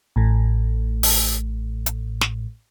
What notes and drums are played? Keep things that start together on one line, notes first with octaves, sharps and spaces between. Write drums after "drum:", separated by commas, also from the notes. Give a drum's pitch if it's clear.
A1 A2
drum: open hi-hat
drum: hi-hat
drum: snare